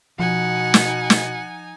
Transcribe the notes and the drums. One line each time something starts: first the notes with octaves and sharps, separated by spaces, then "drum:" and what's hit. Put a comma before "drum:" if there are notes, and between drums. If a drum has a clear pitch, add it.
B2 F3 D#4 F#5 G#5
drum: snare
drum: snare